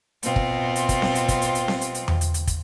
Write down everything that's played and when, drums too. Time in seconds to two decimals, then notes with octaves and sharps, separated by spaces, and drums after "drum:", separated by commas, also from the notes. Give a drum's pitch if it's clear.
0.23 B2 C4 F4, drum: hi-hat
0.36 drum: kick
0.76 drum: hi-hat
0.89 drum: kick, hi-hat
1.02 drum: snare C4
1.15 drum: hi-hat
1.28 drum: kick, hi-hat
1.42 drum: hi-hat
1.55 drum: hi-hat
1.68 drum: snare C4
1.81 drum: hi-hat
1.95 drum: hi-hat
2.08 drum: tom E2
2.21 drum: hi-hat
2.34 drum: hi-hat
2.47 drum: kick, hi-hat